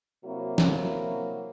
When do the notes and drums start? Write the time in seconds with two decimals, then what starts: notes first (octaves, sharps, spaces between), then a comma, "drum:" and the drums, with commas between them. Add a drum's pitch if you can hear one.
0.24 C3 F#3 A#3 E4 F#4
0.58 drum: snare